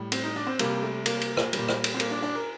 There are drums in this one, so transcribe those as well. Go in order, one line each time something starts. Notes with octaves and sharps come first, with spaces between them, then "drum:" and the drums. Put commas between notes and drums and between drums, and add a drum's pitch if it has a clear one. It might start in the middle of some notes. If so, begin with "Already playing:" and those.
Already playing: A2 G3
C4, drum: cymbal
D#4
D4
C4
C3 G3 A#3, drum: cymbal
A3
A#3, drum: cymbal
drum: cymbal
drum: rim click
A#2 G3, drum: cymbal
drum: rim click
drum: cymbal
C4
A#3, drum: cymbal
D4
D4
A#4